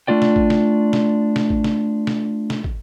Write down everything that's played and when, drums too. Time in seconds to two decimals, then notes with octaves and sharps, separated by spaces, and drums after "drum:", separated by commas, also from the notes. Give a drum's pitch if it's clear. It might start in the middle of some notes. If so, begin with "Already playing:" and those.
0.07 A3 D4 F4 D5 G5
0.22 drum: snare
0.36 drum: kick
0.50 drum: snare
0.93 drum: snare
1.36 drum: snare
1.50 drum: kick
1.64 drum: snare
2.07 drum: snare
2.50 drum: snare
2.64 drum: kick